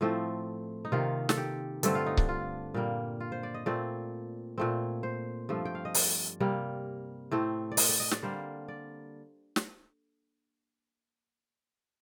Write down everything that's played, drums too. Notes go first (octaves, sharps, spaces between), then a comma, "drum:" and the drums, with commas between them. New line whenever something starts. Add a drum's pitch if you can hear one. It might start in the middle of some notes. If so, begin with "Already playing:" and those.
A2 F3 A3 C4
D#4
C3 D#3 A#3 F4
A4, drum: snare
G4
G2 D3 A3 C4 A4, drum: hi-hat
F4
D#4
D4, drum: kick C#1
F4
A#2 G3 A#3
F4
C5
D5
D#5
A#2 A3 C4 D5
A#2 A3 C4
C5
G2 F3 A3
G5
F5
D#5
D5, drum: open hi-hat
C3 G3 A#3
A2 A3 C4
D5
D#5, drum: open hi-hat
D5
D#5
D5, drum: snare
D3 G3 A#3 C5
D5
drum: snare